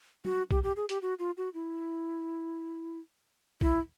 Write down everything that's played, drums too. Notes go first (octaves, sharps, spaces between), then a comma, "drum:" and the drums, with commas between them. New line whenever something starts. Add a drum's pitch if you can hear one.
F#4, drum: tom
G4, drum: kick
G4
G#4
G4, drum: hi-hat
F#4
F4
F#4
E4
E4, drum: kick